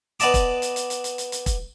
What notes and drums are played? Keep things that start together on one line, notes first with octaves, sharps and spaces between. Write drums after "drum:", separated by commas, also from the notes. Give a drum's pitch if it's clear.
B3 D5 D#5 A5 D6, drum: hi-hat
drum: kick E1, hi-hat
drum: hi-hat
drum: hi-hat
drum: hi-hat
drum: hi-hat
drum: hi-hat
drum: hi-hat
drum: kick E1, hi-hat